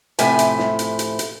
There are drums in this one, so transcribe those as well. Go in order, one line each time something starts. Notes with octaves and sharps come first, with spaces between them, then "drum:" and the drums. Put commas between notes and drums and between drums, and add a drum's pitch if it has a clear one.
A2 C3 F3 E5 G#5, drum: hi-hat
drum: hi-hat
drum: snare
drum: hi-hat
drum: hi-hat
drum: hi-hat